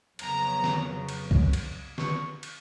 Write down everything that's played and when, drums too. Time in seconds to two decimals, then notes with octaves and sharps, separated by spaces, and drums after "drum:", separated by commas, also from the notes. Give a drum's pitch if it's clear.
0.19 F2 C#3 F#3 B3 A#5, drum: cymbal
0.64 drum: snare D#3
1.09 drum: cymbal
1.31 drum: kick
1.53 drum: cymbal
1.98 C#6, drum: snare D#3
2.43 drum: cymbal